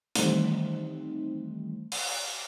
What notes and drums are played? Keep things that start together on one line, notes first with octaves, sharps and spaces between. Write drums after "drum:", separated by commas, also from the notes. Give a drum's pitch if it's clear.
D#3 E3 G3 A3 C4 D#4, drum: hi-hat
drum: open hi-hat